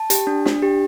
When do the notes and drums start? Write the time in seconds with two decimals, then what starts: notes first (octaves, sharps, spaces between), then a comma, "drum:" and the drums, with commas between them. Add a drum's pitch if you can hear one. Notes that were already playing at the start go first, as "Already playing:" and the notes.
Already playing: A5
0.10 G4, drum: hi-hat
0.27 D4
0.46 D4, drum: snare
0.62 G4